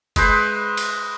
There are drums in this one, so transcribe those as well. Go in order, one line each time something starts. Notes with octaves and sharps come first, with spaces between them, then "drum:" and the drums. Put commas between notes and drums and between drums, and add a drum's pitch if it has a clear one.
G#3 B4 C5, drum: kick F#1, cymbal
drum: cymbal